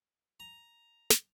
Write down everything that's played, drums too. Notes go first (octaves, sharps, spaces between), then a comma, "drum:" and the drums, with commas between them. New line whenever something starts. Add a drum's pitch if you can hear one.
A#5
drum: snare